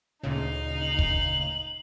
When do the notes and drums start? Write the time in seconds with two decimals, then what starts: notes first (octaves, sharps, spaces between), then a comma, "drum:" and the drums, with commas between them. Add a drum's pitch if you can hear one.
0.23 D2 A#2 C#3 D#4 F5
0.82 F#7
0.99 drum: kick